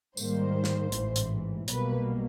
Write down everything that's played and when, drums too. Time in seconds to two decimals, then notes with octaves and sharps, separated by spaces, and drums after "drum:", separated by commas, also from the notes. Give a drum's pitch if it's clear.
0.17 G#2 D#3 G3 A#3 C5, drum: tambourine
0.64 drum: snare
0.92 A1 G#2 E3, drum: hi-hat
1.16 drum: hi-hat
1.68 B1 B2 G3 A#3 B4, drum: hi-hat